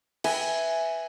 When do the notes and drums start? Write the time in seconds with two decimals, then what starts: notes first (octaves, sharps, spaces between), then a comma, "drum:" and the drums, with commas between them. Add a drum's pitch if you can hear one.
0.24 B4 E5 G5 G#5, drum: cymbal